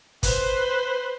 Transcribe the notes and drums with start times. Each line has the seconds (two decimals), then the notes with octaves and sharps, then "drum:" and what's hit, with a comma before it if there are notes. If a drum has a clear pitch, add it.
0.23 B4 C5, drum: kick, hi-hat